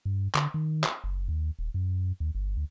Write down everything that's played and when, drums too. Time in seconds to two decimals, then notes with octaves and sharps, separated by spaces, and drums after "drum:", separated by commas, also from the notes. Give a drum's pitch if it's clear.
0.05 G2
0.35 D3, drum: clap
0.54 D#3
0.84 drum: clap
1.04 F#1
1.28 D#2
1.59 D#1
1.74 F#2
2.20 D#2
2.35 G1
2.57 D2